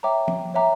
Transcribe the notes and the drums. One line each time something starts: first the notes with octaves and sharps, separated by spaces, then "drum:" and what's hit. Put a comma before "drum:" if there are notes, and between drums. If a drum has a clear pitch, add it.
C#5 E5 G5 A#5 D6
drum: tom F3
C#5 E5 G5 A#5 D6